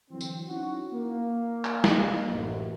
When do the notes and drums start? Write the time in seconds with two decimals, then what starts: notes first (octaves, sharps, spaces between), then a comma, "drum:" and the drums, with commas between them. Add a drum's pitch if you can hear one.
0.11 D3 E3 F#3 C4
0.21 drum: tambourine
0.48 C#4 D#4 E4 F#4
0.93 A#3
1.65 drum: clap
1.84 drum: snare
2.30 A1 F#2